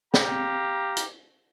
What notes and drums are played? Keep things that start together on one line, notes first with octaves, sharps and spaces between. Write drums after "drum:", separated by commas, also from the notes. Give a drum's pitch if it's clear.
G4 F5 A#5, drum: snare
drum: hi-hat